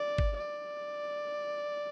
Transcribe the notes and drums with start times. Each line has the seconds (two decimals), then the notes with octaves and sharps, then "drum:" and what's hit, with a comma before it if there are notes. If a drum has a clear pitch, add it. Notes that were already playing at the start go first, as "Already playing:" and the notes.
Already playing: D5
0.18 drum: kick
0.38 D5